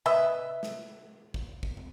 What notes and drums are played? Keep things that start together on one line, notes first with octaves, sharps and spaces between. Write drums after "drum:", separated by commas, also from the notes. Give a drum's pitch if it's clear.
B4 D#5 E5, drum: tom C3
drum: snare
drum: kick
drum: kick
drum: tom